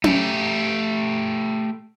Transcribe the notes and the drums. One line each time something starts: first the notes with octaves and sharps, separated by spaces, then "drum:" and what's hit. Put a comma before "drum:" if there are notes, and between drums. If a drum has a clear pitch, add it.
A3 G4, drum: tom C#4